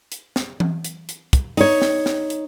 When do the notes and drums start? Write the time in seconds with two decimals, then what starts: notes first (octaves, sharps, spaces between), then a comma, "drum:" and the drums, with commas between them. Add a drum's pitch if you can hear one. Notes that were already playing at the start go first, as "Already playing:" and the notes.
0.12 drum: hi-hat
0.36 drum: snare
0.60 drum: tom E3
0.84 drum: hi-hat
1.09 drum: hi-hat
1.33 drum: kick, hi-hat
1.57 D#4 C#5, drum: open hi-hat
1.82 drum: snare
2.06 drum: snare
2.30 drum: hi-hat